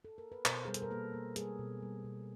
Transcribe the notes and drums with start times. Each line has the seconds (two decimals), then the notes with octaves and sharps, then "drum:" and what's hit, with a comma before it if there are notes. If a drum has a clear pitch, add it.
0.05 A4
0.18 A#4
0.32 B4
0.45 B2 A#4 C5, drum: clap
0.65 G3 G#4
0.74 A4, drum: hi-hat
0.82 A#4
0.90 A#3 A4 B4
1.14 A#3
1.36 G3 G#4 A#4, drum: hi-hat
1.59 B2
1.82 G3
2.05 B2